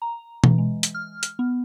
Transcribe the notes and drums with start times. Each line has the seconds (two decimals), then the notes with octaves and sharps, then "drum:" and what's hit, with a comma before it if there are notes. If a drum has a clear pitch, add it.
0.02 A#5
0.44 E3, drum: tom B2
0.58 G#3
0.83 drum: hi-hat
0.95 F6
1.23 drum: hi-hat
1.39 B3